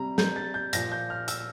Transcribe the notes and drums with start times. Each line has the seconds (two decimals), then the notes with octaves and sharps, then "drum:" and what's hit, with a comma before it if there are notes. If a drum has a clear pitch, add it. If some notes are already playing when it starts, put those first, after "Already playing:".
Already playing: C3 G3 A#5
0.18 G6, drum: snare
0.36 A6
0.54 G6
0.73 A#2 F3 A#6, drum: hi-hat
0.92 G6
1.10 F6
1.28 E6, drum: hi-hat